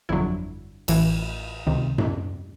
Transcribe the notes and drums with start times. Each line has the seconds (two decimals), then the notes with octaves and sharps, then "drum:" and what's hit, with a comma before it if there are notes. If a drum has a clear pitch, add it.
0.09 G1 F2 D3 F#3 E4
0.88 A1 A2 E3, drum: cymbal
1.67 C#2 C3 D#3
1.98 drum: tom F#2